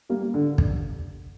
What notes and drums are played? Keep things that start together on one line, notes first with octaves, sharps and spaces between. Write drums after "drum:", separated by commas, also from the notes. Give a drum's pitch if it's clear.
G3 A#3
D3
drum: kick